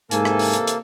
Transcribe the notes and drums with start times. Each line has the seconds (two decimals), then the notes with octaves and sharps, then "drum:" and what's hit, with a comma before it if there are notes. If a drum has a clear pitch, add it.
0.11 G#2 C3 E3 A#3 A4 G#5, drum: hi-hat
0.25 drum: rim click
0.39 drum: open hi-hat
0.53 drum: hi-hat
0.67 drum: hi-hat